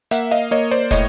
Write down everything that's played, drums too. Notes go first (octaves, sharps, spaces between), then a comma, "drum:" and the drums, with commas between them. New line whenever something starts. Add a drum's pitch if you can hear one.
A#3 E5 F#5, drum: hi-hat
D#5 F5
A#3 C#5 D#5
C5 D5
A2 C#5 D#5, drum: kick, hi-hat